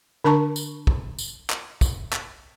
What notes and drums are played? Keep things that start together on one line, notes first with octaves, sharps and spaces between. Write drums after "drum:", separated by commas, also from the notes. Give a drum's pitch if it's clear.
D3 D4 A#4 A5 A#5 C#6
drum: tambourine
drum: kick
drum: tambourine
drum: clap
drum: kick, tambourine
drum: clap